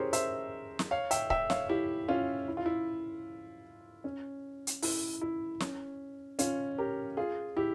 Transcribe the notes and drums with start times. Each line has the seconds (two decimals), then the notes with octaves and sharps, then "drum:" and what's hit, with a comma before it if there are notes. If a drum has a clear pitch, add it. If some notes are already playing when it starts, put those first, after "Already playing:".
Already playing: C#4 E4 G4 G#4 A#4 C5 C#5
0.13 C5 E5, drum: hi-hat
0.79 drum: snare
0.91 C#5 F5
1.11 E5 G5, drum: hi-hat
1.30 E5 G5, drum: kick C#1
1.50 C#5 F5, drum: snare
1.69 E4 G4
2.08 C#4 F4
2.48 E4
2.57 F4
2.66 E4
4.04 C#4
4.67 drum: hi-hat
4.82 E4, drum: open hi-hat
5.21 E4
5.60 C#4, drum: snare
6.39 C#4 F4, drum: hi-hat
6.78 G4 A#4
7.17 F4 G#4
7.56 E4 G4